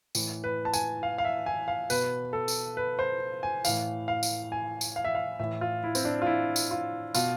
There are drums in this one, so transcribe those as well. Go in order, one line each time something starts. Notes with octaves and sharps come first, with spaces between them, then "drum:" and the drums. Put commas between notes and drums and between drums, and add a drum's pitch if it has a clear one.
A2 E3, drum: tambourine
B4
A5
G#5, drum: tambourine
F5
F5
E5
G#5
F5
B2 B4, drum: tambourine
A4
drum: tambourine
B4
C5
G#5
A2 E3 F5, drum: tambourine
F5
drum: tambourine
G#5
drum: tambourine
F5
E5
F5
A2 E3 E5
F4
E4
C4, drum: tambourine
D4
F4
E4
drum: tambourine
F4
B2 F4, drum: tambourine